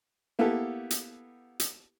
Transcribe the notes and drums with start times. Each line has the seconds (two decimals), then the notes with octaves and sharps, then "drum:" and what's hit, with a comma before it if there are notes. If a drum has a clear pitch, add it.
0.39 A#3 B3 E4 G4 A4
0.90 drum: hi-hat
1.60 drum: hi-hat